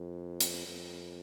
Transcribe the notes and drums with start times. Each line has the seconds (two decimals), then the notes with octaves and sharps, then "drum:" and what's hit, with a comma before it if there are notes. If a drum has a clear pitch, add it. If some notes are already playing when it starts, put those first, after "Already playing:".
Already playing: F2
0.40 drum: hi-hat
0.67 F2